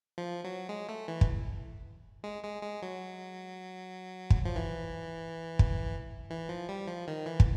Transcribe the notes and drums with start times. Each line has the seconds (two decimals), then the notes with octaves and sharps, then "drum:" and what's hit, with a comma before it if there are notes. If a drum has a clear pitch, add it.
0.18 F3
0.44 F#3
0.69 G#3
0.89 A3
1.08 E3
1.21 drum: kick
2.24 G#3
2.43 G#3
2.63 G#3
2.82 F#3
4.30 drum: kick
4.45 F3
4.56 E3
5.59 drum: kick
6.30 E3
6.49 F3
6.69 G3
6.88 F3
7.08 D#3
7.26 E3
7.40 drum: kick